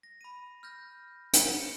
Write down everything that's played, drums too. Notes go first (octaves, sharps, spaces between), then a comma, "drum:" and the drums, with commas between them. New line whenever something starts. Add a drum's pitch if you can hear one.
A#6
B5 D#7
F6 G6 A#6
C7 C#7, drum: hi-hat
C#7 D7